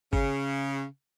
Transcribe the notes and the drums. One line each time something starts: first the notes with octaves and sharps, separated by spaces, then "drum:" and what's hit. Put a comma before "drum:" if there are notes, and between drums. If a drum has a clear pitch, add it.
C#3, drum: kick